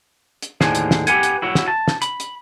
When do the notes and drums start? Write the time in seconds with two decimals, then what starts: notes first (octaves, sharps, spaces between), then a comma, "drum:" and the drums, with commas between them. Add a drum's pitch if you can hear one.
0.42 drum: hi-hat
0.61 D#2 A2 D3 G#4 C5, drum: snare
0.75 drum: hi-hat
0.91 drum: snare
1.07 G4 G#4 B4 F#5 G#5, drum: hi-hat
1.23 drum: hi-hat
1.42 E4 F#4 C#5
1.55 drum: snare
1.68 A5
1.88 drum: snare
2.02 B5, drum: hi-hat
2.20 drum: hi-hat